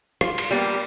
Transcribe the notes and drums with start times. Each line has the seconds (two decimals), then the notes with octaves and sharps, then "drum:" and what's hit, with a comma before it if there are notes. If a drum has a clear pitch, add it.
0.21 F4, drum: rim click
0.38 drum: cymbal
0.51 G3 A#3 B3